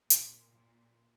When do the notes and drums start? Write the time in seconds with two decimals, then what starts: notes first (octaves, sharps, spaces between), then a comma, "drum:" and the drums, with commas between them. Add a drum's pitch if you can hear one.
0.10 A#2, drum: hi-hat
0.52 A#2